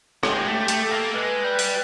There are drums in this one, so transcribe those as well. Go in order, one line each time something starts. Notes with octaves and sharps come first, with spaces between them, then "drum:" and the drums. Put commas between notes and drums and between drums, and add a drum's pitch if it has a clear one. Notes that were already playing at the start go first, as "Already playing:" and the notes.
G#3 G4, drum: rim click
A#3
A3
G4
A3, drum: hi-hat
A4
A#3
G#3 B4
G3
drum: open hi-hat